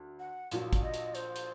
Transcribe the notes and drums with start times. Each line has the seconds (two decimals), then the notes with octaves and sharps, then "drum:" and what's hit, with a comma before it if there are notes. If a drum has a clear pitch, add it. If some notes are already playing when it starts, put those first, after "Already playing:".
Already playing: D2
0.19 F#5
0.51 A#1 A#2 F#3, drum: hi-hat
0.73 drum: kick, hi-hat
0.83 D#5
0.94 drum: hi-hat
1.15 C5, drum: hi-hat
1.36 drum: hi-hat